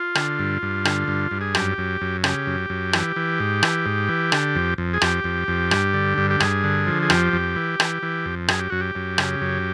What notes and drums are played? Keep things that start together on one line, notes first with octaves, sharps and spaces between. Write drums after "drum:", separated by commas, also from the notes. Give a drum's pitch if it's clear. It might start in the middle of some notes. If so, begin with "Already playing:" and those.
Already playing: F4
D3, drum: rim click
G2
G2
D3, drum: rim click
G2
G2
G#4
F#2 G4, drum: rim click
F#2
F#2
C#3 G4, drum: rim click
F#2
F#2
E3, drum: rim click
E3
G#2
E3, drum: rim click
G#2
E3
D3, drum: rim click
F2
F2
G#4
F2 G4, drum: rim click
F2
F2
G2, drum: rim click
D3
G2
G4
G2 G#4, drum: rim click
D3
F3
G#4
F2 G4, drum: rim click
F2
E3
E3, drum: rim click
E3
F2
F#2 G#4, drum: rim click
G4
F#2 F#4
G4
F#2
C#3, drum: rim click
F#2